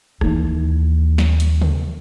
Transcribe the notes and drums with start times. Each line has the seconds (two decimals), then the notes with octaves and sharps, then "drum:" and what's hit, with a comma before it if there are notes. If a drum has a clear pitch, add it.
0.21 D#2 E3, drum: rim click
1.18 drum: snare
1.40 drum: hi-hat
1.61 drum: tom